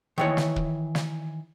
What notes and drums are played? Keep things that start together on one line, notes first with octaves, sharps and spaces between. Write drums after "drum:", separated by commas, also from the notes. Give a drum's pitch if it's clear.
D#3 E3 C#5
drum: snare
drum: kick
drum: snare